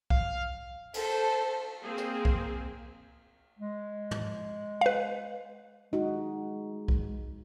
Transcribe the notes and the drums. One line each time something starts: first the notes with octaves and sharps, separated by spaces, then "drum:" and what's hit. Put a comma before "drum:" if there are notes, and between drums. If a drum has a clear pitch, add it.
F5, drum: kick B1
A4 C5, drum: cymbal
A#3 C4 G#4
drum: rim click
drum: kick B1
G#3
drum: tom
B4 F5
G#3 D#4 F#4
drum: kick B1